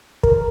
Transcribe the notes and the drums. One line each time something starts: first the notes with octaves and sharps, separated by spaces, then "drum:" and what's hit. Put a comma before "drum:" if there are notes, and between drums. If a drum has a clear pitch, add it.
A#4, drum: kick